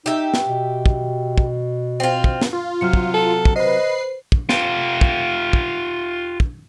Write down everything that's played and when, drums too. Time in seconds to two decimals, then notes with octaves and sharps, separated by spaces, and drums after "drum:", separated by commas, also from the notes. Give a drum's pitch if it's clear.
0.06 D#4 G4 E5
0.34 drum: snare
0.47 B2
0.86 drum: kick
1.38 drum: kick
2.00 C4 F4
2.24 drum: kick
2.41 drum: snare
2.53 F4
2.81 C3 F#3 F6 C#7
2.93 drum: kick
3.14 A4
3.45 drum: kick
3.56 B4 C5 D#5 C7
4.32 drum: kick
4.49 F4 G4, drum: snare
5.01 drum: kick
5.53 drum: kick
6.40 drum: kick